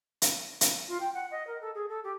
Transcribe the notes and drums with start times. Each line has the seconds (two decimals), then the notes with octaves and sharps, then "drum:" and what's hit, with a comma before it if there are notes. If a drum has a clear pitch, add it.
0.22 drum: hi-hat
0.61 drum: hi-hat
0.88 F4
1.00 G5
1.14 F#5
1.31 D#5
1.47 A#4
1.61 A4
1.74 G#4
1.89 A4
2.04 G4